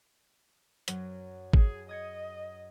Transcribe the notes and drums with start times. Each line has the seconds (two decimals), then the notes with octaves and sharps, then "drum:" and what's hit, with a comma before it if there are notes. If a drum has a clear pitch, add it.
0.88 F#2 F#3, drum: hi-hat
1.53 G#4, drum: kick G#1
1.89 D#5 D#6 G#6 C#7